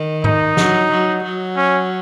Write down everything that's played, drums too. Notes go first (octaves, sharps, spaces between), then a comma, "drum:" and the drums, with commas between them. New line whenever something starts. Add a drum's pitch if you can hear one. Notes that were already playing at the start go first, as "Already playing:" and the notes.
Already playing: D#3
D#4, drum: tom G#2
F#3, drum: snare
F#3
F#3
C#4